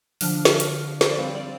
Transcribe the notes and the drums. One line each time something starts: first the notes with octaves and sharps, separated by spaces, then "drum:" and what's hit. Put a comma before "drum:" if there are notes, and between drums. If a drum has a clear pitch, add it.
D3 F3 D4 F6, drum: open hi-hat
drum: snare
drum: hi-hat
C5, drum: snare
D5
G3 C4 F5
D5